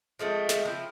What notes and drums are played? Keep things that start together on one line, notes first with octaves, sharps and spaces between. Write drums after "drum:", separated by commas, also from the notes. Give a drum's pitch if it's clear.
F3 G#3 A3 C4
drum: snare
F3 C4 E4